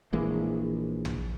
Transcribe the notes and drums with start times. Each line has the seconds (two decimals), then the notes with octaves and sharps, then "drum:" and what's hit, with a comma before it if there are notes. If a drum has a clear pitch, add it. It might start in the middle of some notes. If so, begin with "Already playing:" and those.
0.13 A#1 E3 G#3 A#3
1.05 drum: tom